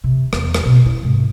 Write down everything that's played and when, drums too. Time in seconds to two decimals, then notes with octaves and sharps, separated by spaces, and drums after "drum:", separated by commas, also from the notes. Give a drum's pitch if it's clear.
0.04 C3
0.33 E2, drum: rim click
0.54 drum: rim click
0.65 B2 C4
0.86 E4
1.03 G#2 C3